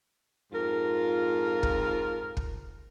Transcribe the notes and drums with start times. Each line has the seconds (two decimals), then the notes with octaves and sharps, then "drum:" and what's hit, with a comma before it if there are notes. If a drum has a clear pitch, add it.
0.52 F2 G#2 F4 A#4
1.63 drum: kick
2.37 drum: kick